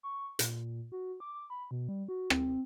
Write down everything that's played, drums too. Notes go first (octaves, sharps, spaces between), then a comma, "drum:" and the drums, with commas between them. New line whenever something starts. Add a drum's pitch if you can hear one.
C#6
A#2, drum: hi-hat
F#4
D6
B5
B2
G3
F#4
C4, drum: rim click